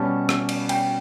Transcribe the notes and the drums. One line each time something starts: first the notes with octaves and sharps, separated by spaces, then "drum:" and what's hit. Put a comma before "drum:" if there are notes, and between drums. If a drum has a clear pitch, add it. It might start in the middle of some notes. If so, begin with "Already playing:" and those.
Already playing: B2 G3 C#4 A5
drum: rim click
drum: cymbal
G5, drum: cymbal